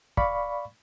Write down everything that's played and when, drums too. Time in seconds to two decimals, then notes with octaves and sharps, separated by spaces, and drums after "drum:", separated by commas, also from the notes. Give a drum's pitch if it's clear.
0.17 D5 F5 B5 C#6, drum: kick